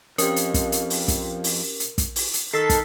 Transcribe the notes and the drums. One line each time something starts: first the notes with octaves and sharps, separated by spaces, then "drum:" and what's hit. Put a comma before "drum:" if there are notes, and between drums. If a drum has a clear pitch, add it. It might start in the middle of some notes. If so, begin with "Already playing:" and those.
F2 C#4 G4 A#4, drum: hi-hat
drum: hi-hat
drum: kick, hi-hat
drum: hi-hat
drum: open hi-hat
drum: kick, hi-hat
drum: open hi-hat
drum: hi-hat
drum: kick, hi-hat
drum: open hi-hat
drum: hi-hat
D#3 A4 E6 B6 C7
drum: kick, hi-hat